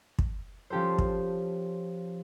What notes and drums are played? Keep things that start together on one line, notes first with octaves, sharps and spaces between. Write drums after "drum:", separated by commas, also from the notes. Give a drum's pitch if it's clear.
drum: kick
F3 C#4 G4 A4 C5
drum: kick